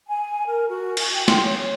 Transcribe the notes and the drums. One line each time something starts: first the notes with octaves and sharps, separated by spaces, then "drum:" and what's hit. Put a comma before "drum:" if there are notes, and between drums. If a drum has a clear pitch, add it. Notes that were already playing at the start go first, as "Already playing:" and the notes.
G#5
A#4
F#4
G#5, drum: cymbal
G5
C6, drum: snare
C#5